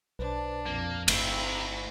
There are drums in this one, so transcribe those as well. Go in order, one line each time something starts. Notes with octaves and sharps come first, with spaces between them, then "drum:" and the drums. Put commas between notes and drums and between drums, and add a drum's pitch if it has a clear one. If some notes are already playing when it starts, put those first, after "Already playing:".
B1 D4 B4 C5
A#1 F2 A#3
G1 C3 A3 E4 B5, drum: cymbal